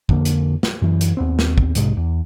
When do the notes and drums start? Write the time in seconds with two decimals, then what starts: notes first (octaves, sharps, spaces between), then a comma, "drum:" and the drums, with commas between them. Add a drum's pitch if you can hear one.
0.09 F2 D3 A#3, drum: kick
0.25 drum: hi-hat
0.63 drum: snare
0.82 F#2 E3
1.01 drum: hi-hat
1.17 D#2 B3 C4
1.39 drum: snare
1.58 drum: kick
1.75 B1 G#2 C3 G#3, drum: hi-hat
1.97 E2